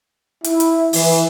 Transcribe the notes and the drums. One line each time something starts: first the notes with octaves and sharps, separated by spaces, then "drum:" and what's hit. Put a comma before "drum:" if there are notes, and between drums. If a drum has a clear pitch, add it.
E4, drum: hi-hat
drum: hi-hat
E3, drum: open hi-hat